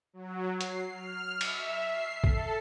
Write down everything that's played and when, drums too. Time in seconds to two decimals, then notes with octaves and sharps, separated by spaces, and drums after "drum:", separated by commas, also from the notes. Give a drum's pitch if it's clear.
0.13 F#3
0.61 C7, drum: hi-hat
0.92 F6
1.41 E5, drum: cymbal
1.86 C7
2.24 A4, drum: kick A#1